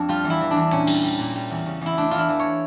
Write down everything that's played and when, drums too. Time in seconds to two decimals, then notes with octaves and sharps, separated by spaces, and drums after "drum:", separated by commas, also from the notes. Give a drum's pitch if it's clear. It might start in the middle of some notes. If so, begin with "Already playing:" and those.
Already playing: F2 D4
0.09 G3 F4
0.24 E2
0.30 E4
0.41 E3
0.51 D4
0.56 E2
0.72 A#2 C#4, drum: hi-hat
0.87 G3, drum: cymbal
1.03 G3
1.19 A#2
1.35 G3
1.50 E2
1.66 C#3
1.81 E2 E4
1.97 A3 D4
2.11 E2 F4
2.19 E4
2.29 E3
2.40 C#5